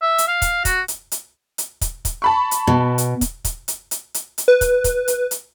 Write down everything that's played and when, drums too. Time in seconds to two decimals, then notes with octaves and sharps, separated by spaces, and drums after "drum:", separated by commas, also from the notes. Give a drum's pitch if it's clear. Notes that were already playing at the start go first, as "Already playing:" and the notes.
0.02 E5
0.18 drum: hi-hat
0.28 F5
0.42 drum: kick, hi-hat
0.65 F#4, drum: kick, hi-hat
0.88 drum: hi-hat
1.12 drum: hi-hat
1.58 drum: hi-hat
1.81 drum: kick, hi-hat
2.05 drum: kick, hi-hat
2.22 A5 B5 C#6
2.51 drum: hi-hat
2.67 B2
2.98 drum: hi-hat
3.21 drum: kick, hi-hat
3.45 drum: kick, hi-hat
3.68 drum: hi-hat
3.91 drum: hi-hat
4.14 drum: hi-hat
4.38 drum: hi-hat
4.48 B4
4.61 drum: kick, hi-hat
4.84 drum: kick, hi-hat
5.08 drum: hi-hat
5.31 drum: hi-hat